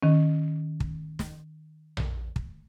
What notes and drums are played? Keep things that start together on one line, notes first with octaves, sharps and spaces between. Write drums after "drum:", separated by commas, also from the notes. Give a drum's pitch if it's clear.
D#3 C#4
drum: kick
drum: snare
drum: tom A#1
drum: kick